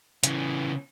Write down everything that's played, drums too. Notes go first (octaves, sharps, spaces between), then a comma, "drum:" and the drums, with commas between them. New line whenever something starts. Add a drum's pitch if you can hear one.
C#3 E3, drum: hi-hat